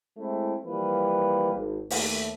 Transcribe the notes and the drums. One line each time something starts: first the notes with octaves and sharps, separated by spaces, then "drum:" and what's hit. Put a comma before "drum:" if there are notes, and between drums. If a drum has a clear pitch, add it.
G#3 A3 C4 E4
E3 F3 G3 A#3 B4
G#1
D#2 A3, drum: open hi-hat